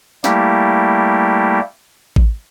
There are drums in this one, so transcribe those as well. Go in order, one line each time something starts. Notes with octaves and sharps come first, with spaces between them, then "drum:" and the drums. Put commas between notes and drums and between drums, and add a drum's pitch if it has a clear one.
G3 A3 A#3 E4 G4, drum: snare
drum: kick A1